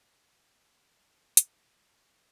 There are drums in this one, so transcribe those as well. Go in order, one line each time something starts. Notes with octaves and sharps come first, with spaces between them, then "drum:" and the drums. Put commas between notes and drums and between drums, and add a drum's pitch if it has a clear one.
drum: hi-hat
F#2 A#2 C#3 E3 B3
G#4 A4 B4